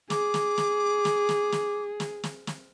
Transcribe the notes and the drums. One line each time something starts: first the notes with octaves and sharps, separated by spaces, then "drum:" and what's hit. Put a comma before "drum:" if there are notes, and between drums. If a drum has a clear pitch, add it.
G#4 D6, drum: snare
drum: snare
drum: snare
drum: snare
drum: snare
drum: snare
drum: snare
drum: snare
drum: snare